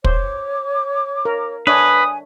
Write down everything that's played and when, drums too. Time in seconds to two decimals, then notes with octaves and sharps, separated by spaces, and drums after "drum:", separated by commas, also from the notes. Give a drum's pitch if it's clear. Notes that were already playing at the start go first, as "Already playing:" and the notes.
0.04 C5 C#5 D6, drum: kick
1.25 A#4
1.67 D4 B4 C#5 E5 G#5 D#6